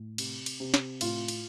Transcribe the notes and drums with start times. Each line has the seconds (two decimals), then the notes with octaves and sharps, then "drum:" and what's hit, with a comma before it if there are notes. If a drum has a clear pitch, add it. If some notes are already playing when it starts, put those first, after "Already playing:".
Already playing: A2
0.18 C3, drum: cymbal
0.46 drum: cymbal
0.60 C3
0.74 drum: snare
1.01 A2 F4, drum: cymbal
1.28 drum: cymbal